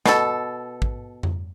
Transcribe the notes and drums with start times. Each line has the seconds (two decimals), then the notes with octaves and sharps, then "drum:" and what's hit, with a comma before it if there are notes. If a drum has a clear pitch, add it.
0.06 B2 A4, drum: snare
0.82 drum: kick A1
1.23 drum: tom F2